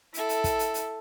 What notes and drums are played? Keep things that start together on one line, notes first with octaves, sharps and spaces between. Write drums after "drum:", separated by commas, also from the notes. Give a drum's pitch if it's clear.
E4 A4, drum: hi-hat
drum: hi-hat
drum: kick, hi-hat
drum: hi-hat
drum: hi-hat